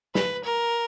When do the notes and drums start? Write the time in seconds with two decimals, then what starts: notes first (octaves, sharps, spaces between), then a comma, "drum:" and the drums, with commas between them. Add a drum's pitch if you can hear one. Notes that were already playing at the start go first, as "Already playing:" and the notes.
0.15 B4, drum: snare
0.44 A#4